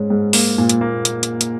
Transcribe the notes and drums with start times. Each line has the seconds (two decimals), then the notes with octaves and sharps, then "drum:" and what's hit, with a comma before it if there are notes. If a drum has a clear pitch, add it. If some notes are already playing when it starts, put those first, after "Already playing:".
Already playing: G#2 G#3 C#4
0.10 G#2
0.33 A#3, drum: open hi-hat
0.58 A#2
0.69 drum: hi-hat
0.81 A#3
1.05 drum: hi-hat
1.23 drum: hi-hat
1.41 drum: hi-hat